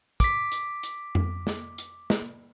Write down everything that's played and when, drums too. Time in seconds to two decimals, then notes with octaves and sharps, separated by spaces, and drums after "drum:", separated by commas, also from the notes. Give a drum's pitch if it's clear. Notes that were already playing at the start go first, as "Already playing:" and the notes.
0.20 D6 B6, drum: kick, hi-hat
0.52 drum: hi-hat
0.83 drum: hi-hat
1.15 drum: tom F2
1.47 drum: snare
1.78 drum: hi-hat
2.10 drum: snare